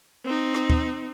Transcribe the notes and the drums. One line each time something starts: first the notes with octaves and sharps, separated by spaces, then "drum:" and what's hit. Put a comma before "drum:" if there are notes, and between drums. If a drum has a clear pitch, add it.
C4 D#4
drum: rim click
drum: kick